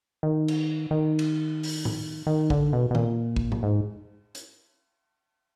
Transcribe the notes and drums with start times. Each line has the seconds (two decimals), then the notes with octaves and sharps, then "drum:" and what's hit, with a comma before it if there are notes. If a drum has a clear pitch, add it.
0.23 D#3
0.48 drum: cymbal
0.91 D#3
1.19 drum: cymbal
1.63 drum: open hi-hat
1.85 drum: tom A2
2.27 D#3
2.50 D3, drum: kick
2.73 B2
2.91 B2
2.95 A#2, drum: tom D#3
3.36 drum: kick
3.52 drum: tom A2
3.63 G#2
4.35 drum: hi-hat